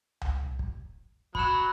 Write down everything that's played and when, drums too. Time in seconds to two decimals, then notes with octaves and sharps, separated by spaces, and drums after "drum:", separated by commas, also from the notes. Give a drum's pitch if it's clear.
0.21 drum: tom C2
0.59 drum: kick
1.35 F#3 B5 C#7 E7, drum: kick